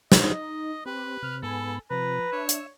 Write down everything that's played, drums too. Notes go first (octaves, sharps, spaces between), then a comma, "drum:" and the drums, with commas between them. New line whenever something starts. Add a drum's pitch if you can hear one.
D#4 D#5, drum: snare
C4 G4 B4
C3 F6
G#2 B3 A4 G#5 B5
C3 F3 B4 A#5
D4 C#5 E5
drum: hi-hat